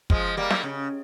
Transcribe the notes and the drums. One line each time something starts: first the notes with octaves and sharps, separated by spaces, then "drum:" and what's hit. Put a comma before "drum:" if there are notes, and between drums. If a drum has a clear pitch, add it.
F3 G#3, drum: kick
G3 A#3
drum: snare
C#3